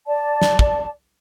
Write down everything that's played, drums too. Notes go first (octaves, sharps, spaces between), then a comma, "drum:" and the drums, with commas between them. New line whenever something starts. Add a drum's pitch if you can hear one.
D5 A5
drum: snare
drum: kick